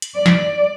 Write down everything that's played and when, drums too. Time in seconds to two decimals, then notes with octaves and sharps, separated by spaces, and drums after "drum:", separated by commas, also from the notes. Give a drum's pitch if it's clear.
0.02 drum: hi-hat
0.15 D5
0.26 drum: snare